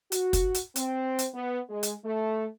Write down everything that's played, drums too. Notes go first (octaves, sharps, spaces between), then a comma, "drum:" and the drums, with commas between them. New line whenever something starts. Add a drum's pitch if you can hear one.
F#4, drum: hi-hat
drum: kick, hi-hat
drum: hi-hat
C4, drum: hi-hat
drum: hi-hat
B3
G#3
drum: hi-hat
A3